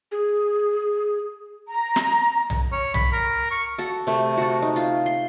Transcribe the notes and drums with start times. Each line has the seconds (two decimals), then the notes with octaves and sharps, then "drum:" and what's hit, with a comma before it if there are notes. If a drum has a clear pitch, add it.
0.12 G#4
1.67 A#5
1.96 drum: snare
2.50 drum: tom B1
2.72 C#5
2.94 B5, drum: tom B1
3.12 A#4
3.51 C#6
3.78 F#4 A4
4.07 C3 A3
4.37 F#4 A4
4.62 D#4
4.76 F4
5.06 C6